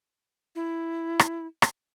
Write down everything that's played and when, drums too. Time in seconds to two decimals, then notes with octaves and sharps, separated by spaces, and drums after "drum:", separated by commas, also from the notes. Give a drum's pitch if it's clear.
0.55 E4
1.19 drum: rim click
1.62 drum: rim click